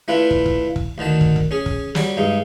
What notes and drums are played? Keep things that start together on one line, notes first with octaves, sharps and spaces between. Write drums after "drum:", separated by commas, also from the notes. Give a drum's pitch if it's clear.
A3 D4 E4 F4 B4
drum: kick
drum: kick
drum: kick
D2 D3 D#3 A5
drum: kick
drum: kick
C#4 G#4
drum: kick
F#3 G3 D5, drum: snare
G2 G#3 D#4